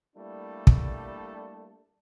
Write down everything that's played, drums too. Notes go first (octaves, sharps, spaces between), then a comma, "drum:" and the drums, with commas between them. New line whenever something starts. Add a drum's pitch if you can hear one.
G3 A3 A#3 D4 E4 A4
drum: kick